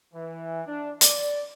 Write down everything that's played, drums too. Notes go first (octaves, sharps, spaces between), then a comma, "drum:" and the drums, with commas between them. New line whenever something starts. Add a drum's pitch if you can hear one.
E3
D4
D5, drum: hi-hat